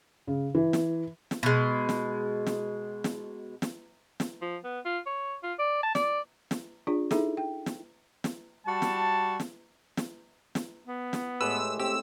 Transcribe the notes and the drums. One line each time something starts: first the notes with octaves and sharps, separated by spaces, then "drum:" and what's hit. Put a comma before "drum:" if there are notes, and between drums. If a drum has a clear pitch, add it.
C#3
E3
drum: snare
drum: snare
B2 G#3
drum: snare
drum: snare
drum: snare
drum: snare
drum: snare
F3
B3
F4
C#5
F4
D5
A5
D5, drum: snare
drum: snare
D4 F4 G#4 D5
D#4 E4 G#4 A4 E5, drum: snare
G5
drum: snare
drum: snare
G3 F#4 A5
drum: snare
drum: snare
drum: snare
drum: snare
B3
drum: snare
A2 G#3 G4 B4 E6
C4 G4 E6